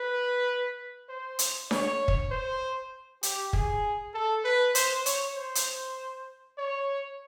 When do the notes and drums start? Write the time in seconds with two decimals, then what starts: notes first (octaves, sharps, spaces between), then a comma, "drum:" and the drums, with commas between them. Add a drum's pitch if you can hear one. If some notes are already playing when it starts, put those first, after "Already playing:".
Already playing: B4
1.09 C5
1.39 drum: hi-hat
1.71 C#5, drum: snare D4
2.08 drum: kick
2.31 C5
3.23 G4, drum: hi-hat
3.53 G#4, drum: kick
4.14 A4
4.44 B4
4.75 C5, drum: hi-hat
5.06 C#5, drum: hi-hat
5.36 C5
5.55 drum: hi-hat
6.58 C#5